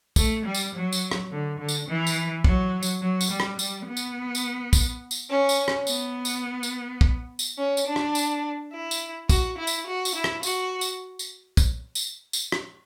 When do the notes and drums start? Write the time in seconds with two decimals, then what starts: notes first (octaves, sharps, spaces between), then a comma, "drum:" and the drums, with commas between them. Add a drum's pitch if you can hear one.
0.16 A3, drum: kick, tambourine
0.45 G3
0.54 drum: tambourine
0.73 F#3
0.92 drum: tambourine
1.11 drum: rim click
1.31 D3
1.59 D3
1.69 drum: tambourine
1.88 E3
2.07 drum: tambourine
2.44 F#3, drum: kick
2.83 drum: tambourine
3.01 F#3
3.21 drum: tambourine
3.30 G3
3.40 drum: rim click
3.59 G3, drum: tambourine
3.87 B3
3.97 drum: tambourine
4.35 drum: tambourine
4.73 drum: kick, tambourine
5.11 drum: tambourine
5.30 C#4
5.49 drum: tambourine
5.68 drum: rim click
5.87 B3, drum: tambourine
6.25 drum: tambourine
6.63 drum: tambourine
7.01 drum: kick
7.39 drum: tambourine
7.57 C#4
7.77 drum: tambourine
7.86 D4
7.96 drum: rim click
8.15 drum: tambourine
8.72 E4
8.91 drum: tambourine
9.29 F#4, drum: kick, tambourine
9.58 E4
9.67 drum: tambourine
9.86 F#4
10.05 drum: tambourine
10.14 E4
10.24 drum: rim click
10.43 F#4, drum: tambourine
10.81 drum: tambourine
11.19 drum: tambourine
11.57 drum: kick, tambourine
11.95 drum: tambourine
12.33 drum: tambourine
12.52 drum: rim click